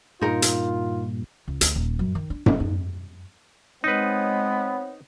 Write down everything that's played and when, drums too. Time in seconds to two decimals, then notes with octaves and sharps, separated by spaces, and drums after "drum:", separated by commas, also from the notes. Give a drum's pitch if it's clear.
0.21 G2 A#2 D#4 F4 A#4
0.42 drum: hi-hat
1.48 C#2
1.61 D2, drum: hi-hat
1.76 D#1
1.99 F#2
2.15 D#3
2.30 D4
2.46 F#1, drum: tom F#2
2.60 D#4
3.84 G#3 B3 C4 D#4 B4 C#5